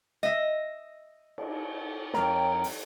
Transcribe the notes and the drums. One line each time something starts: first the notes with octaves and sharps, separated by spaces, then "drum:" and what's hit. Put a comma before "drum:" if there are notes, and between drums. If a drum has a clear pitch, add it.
D#5 E5, drum: snare
drum: cymbal
F2 A#4 C#5 G5, drum: snare
drum: open hi-hat